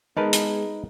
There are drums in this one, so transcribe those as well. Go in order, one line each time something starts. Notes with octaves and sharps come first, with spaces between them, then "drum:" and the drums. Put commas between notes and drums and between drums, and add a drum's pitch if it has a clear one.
G#3 B3 D#4 G#4 A#4 B4 G#5 A5
drum: hi-hat